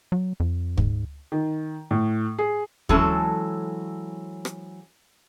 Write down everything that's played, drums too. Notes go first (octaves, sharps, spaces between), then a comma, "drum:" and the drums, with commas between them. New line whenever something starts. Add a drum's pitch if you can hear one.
F#3
F2
G#2, drum: kick
D#3
A2
G#4
E3 F#3 G#3 C4 C#4 A4, drum: kick
drum: rim click